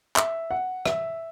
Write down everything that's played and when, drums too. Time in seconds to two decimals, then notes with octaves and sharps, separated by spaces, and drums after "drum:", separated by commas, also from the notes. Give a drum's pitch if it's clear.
0.16 E5, drum: clap
0.51 F#5
0.86 E5, drum: rim click